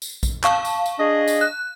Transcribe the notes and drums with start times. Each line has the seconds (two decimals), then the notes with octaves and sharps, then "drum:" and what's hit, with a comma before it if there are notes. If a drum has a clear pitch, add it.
0.02 drum: tambourine
0.23 drum: kick A#1, tambourine
0.44 F5 A5 C#6, drum: clap
0.65 drum: tambourine
0.86 drum: tambourine
0.99 D4 G#4 D#5
1.28 drum: tambourine
1.41 F#6